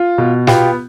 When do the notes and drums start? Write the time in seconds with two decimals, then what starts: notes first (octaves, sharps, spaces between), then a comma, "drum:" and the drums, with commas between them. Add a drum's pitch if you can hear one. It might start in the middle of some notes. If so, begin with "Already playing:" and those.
Already playing: F4
0.18 B2
0.47 B3 F4 G4, drum: snare